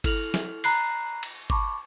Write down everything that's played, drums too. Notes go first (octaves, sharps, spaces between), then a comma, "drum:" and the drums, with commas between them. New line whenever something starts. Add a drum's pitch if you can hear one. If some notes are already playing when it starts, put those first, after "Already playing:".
E4 A4 F6 F7 F#7, drum: kick G1, cymbal
drum: snare
A#5 B5 F#6 C7, drum: cymbal
drum: cymbal
A5 B5 C#6 D6, drum: kick G1